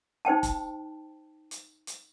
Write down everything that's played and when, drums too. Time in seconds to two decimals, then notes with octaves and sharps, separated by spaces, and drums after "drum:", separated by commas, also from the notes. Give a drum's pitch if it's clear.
0.25 D#4 C5 G5 A5
0.43 drum: kick F1, hi-hat
1.51 drum: hi-hat
1.87 drum: hi-hat